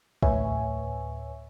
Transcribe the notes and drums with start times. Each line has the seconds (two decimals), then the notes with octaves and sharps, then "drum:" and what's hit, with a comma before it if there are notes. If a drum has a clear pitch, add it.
0.23 D2 A2 B4 C#5 E5 G#5, drum: kick